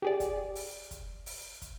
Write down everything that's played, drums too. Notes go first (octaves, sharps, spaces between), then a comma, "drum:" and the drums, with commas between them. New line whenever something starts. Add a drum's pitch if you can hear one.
G4 G#4 D5
drum: kick, hi-hat
drum: open hi-hat
drum: kick, hi-hat
drum: open hi-hat
drum: kick, hi-hat